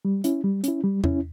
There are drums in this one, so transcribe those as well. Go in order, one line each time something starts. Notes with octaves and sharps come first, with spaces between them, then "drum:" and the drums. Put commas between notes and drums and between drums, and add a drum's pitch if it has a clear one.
G3
C#4 E4, drum: hi-hat
G3
C#4 E4, drum: hi-hat
G3
C#4 E4, drum: tom E2